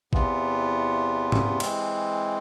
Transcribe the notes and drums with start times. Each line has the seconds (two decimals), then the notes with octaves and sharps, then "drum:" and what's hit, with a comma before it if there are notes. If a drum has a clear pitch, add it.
0.13 E2 C3 E3 B3 F4, drum: kick A1
1.32 drum: tom G#2
1.60 E3 G#3 C4, drum: cymbal